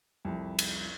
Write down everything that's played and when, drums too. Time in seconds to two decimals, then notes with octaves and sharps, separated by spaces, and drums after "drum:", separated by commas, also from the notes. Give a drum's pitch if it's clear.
0.25 C2 F2
0.59 drum: cymbal